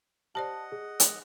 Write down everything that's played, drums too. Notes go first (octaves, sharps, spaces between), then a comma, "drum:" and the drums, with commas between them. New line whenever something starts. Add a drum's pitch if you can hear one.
G4 C5 D5 D#5 F#5 A5
G#4
drum: hi-hat